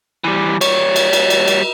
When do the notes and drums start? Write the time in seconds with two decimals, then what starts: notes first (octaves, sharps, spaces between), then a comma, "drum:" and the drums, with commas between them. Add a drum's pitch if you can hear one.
0.24 E3 G3
0.61 G3 C#5, drum: cymbal
0.96 drum: cymbal
1.13 drum: cymbal
1.30 drum: cymbal
1.48 drum: cymbal